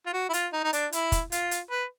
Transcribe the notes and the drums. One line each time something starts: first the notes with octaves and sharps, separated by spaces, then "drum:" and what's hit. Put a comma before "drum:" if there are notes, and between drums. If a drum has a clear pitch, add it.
F4
F#4
E4
F4, drum: hi-hat
D#4
D#4
D4, drum: hi-hat
E4, drum: hi-hat
drum: kick, hi-hat
F4, drum: hi-hat
drum: hi-hat
B4